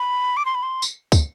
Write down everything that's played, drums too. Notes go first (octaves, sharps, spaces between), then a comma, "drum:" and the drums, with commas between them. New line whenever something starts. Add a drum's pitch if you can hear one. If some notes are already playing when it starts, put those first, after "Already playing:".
Already playing: B5
D6
C6
B5
C6
drum: tambourine
drum: kick, tambourine